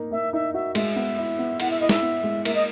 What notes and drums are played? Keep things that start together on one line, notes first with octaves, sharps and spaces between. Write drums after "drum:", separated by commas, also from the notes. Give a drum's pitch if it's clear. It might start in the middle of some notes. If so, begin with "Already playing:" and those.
Already playing: A#3 D#4
A#3 E5
D#4 E5
F#4 E5
G#3 E5, drum: cymbal
B3
E4
B3
E4 F#5, drum: cymbal
E5
E4 D#5
E5, drum: snare
B3
G#3
A#3 E5, drum: cymbal
D#5